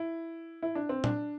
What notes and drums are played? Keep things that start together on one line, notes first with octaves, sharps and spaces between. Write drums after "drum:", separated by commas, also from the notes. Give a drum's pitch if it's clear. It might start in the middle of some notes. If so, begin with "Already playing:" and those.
Already playing: E4
E4
D4
C4
D4, drum: tom